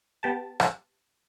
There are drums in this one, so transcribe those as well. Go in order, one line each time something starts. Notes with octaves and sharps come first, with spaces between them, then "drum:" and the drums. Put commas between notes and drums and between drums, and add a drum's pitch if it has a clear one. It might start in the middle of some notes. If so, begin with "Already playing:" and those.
B3 G4 A5
drum: rim click